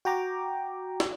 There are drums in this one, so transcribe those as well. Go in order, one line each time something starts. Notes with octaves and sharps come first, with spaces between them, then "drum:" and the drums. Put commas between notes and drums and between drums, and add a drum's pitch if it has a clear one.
F#4 G5 A#5 D6
drum: snare